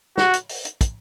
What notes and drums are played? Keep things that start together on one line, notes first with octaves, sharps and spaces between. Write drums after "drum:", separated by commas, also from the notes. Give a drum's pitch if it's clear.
F#4, drum: snare
drum: hi-hat
drum: open hi-hat
drum: hi-hat
drum: kick, hi-hat